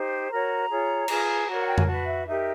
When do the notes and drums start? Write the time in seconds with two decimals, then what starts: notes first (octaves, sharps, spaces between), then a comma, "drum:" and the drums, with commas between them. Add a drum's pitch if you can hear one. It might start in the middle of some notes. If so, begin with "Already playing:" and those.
Already playing: D#4 G4 C5
0.29 F#4 A#4 C#5 A#5
0.69 F4 G#4 C#5
1.08 F4 G#4 B4, drum: cymbal
1.47 F#4 A#4 C#5
1.59 F#5
1.68 G5
1.78 G#5, drum: tom F2
1.87 F#4 B4 A5
2.06 E5
2.26 D#4 G4 A#4 E5